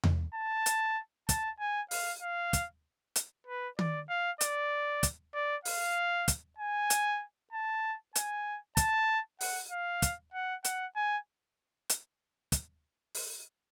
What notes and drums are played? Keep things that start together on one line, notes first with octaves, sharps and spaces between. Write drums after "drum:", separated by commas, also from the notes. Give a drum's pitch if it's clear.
drum: tom E2
A5
drum: hi-hat
A5, drum: kick, hi-hat
G#5
F5, drum: open hi-hat
F5
drum: kick, hi-hat
drum: hi-hat
B4
D5, drum: tom D#3
F5
D5, drum: hi-hat
drum: kick, hi-hat
D5
F5, drum: open hi-hat
drum: kick, hi-hat
G#5
drum: hi-hat
A5
G#5, drum: hi-hat
A5, drum: kick, hi-hat
F#5, drum: open hi-hat
F5
drum: kick, hi-hat
F#5
F#5, drum: hi-hat
G#5
drum: hi-hat
drum: kick, hi-hat
drum: open hi-hat